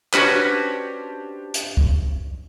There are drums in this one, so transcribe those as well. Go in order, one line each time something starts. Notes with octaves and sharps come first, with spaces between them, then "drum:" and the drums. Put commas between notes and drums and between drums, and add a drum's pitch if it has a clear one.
C#4 D4 F#4 G4 B4 C5, drum: clap
drum: hi-hat
drum: kick